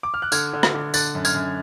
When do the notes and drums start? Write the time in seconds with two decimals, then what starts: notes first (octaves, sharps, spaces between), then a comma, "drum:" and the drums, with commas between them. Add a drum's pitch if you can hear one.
0.03 D6
0.14 F6
0.22 F#6
0.32 D3 F6 G#6, drum: tambourine
0.53 D3
0.63 drum: rim click
0.74 D3
0.94 D3 F#6 A6, drum: tambourine
1.15 F#2
1.25 F6 G#6, drum: tambourine
1.35 F#2